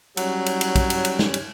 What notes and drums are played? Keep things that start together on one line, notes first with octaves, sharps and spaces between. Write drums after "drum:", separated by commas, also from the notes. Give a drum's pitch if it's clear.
F#3 G3 C#4, drum: cymbal
drum: cymbal
drum: cymbal
drum: kick, cymbal
drum: cymbal
drum: cymbal
drum: snare
drum: cymbal